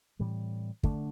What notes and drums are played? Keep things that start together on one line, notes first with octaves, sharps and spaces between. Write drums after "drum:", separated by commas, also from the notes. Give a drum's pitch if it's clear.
A2 E3 G3 C4
D3 A3 D4, drum: kick